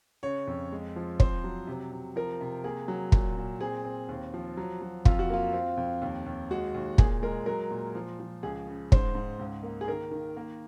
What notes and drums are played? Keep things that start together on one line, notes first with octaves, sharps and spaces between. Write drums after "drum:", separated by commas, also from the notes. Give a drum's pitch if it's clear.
C#3 C#5
F2
G#3
F3
C4 C5, drum: kick
F#3
C3
C3
F3 A#4
C3
A#3 G#4
F#3
A#2, drum: kick
A#2
C4 G#4
C4
D#2
F3
F#3
F#3
F2 F4, drum: kick
F#4
A#3 F4
C4
F2
D#2
D#2
G#3 F#4
D#2
A#2 G#4, drum: kick
G#3 A#4
F#3 A#4
A#2
F3
F3
C#2 G#4
C#3
G#2 C5, drum: kick
G#2
C#2
A#3
G#4
D#3 A#4
D#3
A#3